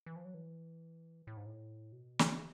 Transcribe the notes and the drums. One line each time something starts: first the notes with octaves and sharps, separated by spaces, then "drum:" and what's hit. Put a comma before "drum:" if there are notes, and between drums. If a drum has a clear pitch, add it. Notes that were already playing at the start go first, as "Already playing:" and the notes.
E3
F3
F#3
E3
A2
G#2
A2
B2
drum: snare
C#3